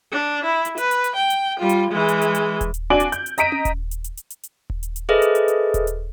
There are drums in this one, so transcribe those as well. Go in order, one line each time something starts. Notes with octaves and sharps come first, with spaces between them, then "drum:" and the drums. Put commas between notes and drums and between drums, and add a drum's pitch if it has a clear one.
D4
E4
drum: hi-hat
B4, drum: hi-hat
drum: hi-hat
drum: hi-hat
G5
drum: hi-hat
G3 F4
drum: hi-hat
E3 G#3
drum: hi-hat
drum: hi-hat
drum: hi-hat
drum: kick D#1, hi-hat
drum: hi-hat
D4 F#4 G#5 D6 D7 F#7
drum: hi-hat
G6, drum: hi-hat
drum: hi-hat
D#5 A#5 B6 D7 D#7, drum: hi-hat
drum: tom C#4
drum: kick D#1, hi-hat
drum: hi-hat
drum: hi-hat
drum: hi-hat
drum: hi-hat
drum: hi-hat
drum: kick D#1
drum: hi-hat
drum: hi-hat
G#4 A4 B4 C5 D#5 E5
drum: hi-hat
drum: hi-hat
drum: hi-hat
drum: kick D#1, hi-hat
drum: hi-hat